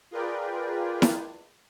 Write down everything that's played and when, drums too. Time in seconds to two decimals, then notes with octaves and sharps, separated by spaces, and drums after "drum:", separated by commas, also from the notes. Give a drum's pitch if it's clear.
0.11 F4 G#4 A#4 B4 D5 G5
1.02 drum: snare E4